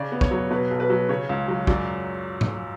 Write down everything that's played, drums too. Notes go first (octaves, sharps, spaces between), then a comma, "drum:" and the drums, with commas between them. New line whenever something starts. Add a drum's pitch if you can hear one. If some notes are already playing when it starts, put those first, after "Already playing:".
Already playing: C#3 D5
B3
C#5, drum: kick
F#3
B2 B4
B1
B4
F#3
C#3 C#5
C#2
F#3
F#2 D5, drum: kick
drum: tom G#2